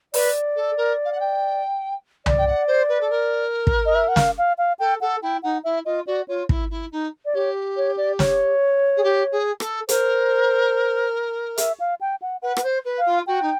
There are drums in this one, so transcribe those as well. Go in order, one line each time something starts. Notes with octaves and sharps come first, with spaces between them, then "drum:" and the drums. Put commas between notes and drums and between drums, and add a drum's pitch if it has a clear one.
B4 D5, drum: open hi-hat
A4
A#4
F5
F#5
G5
D5, drum: tom C2
G5
F#5
C5
B4
A4
A#4
drum: kick
D#5
E5
F#5
F5, drum: snare
F5
F5
A4 G5
A4 F#5
E4 G5
D#4 F#5
E4 E5
F4 D#5
F#4 D5
F4 C#5
E4, drum: kick
E4
D#4
D5
G4 C#5
C#5
D5
C#5, drum: snare
G#4
G4
G#4
A4, drum: rim click
A#4 C5, drum: hi-hat
E5, drum: hi-hat
F5
G5
F#5
B4 F#5
B4, drum: rim click
C5
B4
F5
F4
F#4 G5
D#4